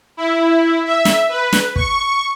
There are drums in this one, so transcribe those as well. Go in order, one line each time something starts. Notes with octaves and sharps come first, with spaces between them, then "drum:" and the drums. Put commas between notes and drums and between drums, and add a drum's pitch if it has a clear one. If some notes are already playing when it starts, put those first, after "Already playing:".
E4
E5
drum: snare
B4
drum: snare
C#6, drum: kick